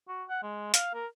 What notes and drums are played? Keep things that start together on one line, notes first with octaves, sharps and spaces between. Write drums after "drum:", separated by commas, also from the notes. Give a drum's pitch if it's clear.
F#4
F#5
G#3
F5, drum: hi-hat
A#4